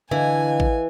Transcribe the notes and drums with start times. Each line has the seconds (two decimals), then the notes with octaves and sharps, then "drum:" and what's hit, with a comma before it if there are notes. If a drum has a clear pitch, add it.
0.11 D3 E3 D#5 F5 G#5
0.60 drum: kick A1